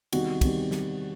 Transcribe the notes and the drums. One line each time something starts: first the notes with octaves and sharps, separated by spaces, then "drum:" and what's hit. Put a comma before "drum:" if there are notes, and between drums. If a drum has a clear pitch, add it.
E2 C3 D#3 G3 F#4, drum: cymbal
E2 C3 D#3 G3, drum: kick, cymbal
drum: snare